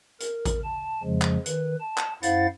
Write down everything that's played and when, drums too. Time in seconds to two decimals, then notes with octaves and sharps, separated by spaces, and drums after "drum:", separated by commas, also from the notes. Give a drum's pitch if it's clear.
0.20 A#4, drum: hi-hat
0.45 drum: kick A1, hi-hat
0.64 A5
1.03 F2 C#3 F3 G#3
1.21 drum: clap
1.46 D#3 B4, drum: hi-hat
1.80 A5
1.97 drum: clap
2.23 F#2 E4 C5 F5 F#5 A6, drum: hi-hat